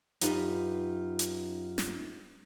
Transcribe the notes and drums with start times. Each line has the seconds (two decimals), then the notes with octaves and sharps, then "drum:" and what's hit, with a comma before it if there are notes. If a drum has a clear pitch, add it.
0.21 F#2 D#4 F4 G4 B4, drum: hi-hat
1.19 drum: hi-hat
1.78 drum: snare